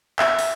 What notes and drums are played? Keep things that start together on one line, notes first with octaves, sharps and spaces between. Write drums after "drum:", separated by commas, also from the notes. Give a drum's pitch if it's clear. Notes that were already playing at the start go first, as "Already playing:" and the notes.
E5, drum: clap
drum: open hi-hat